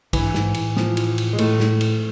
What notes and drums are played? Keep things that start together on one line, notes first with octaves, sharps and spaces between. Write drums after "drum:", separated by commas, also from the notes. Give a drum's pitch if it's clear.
G2 E3, drum: kick, cymbal
G#2, drum: snare
A2, drum: cymbal
F3, drum: snare
drum: cymbal
drum: cymbal
G#3
A2 A3, drum: cymbal
drum: snare
drum: cymbal